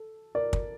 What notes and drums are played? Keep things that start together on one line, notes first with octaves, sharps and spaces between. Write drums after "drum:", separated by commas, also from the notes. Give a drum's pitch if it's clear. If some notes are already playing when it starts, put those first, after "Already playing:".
Already playing: A4
A#4 D5
drum: kick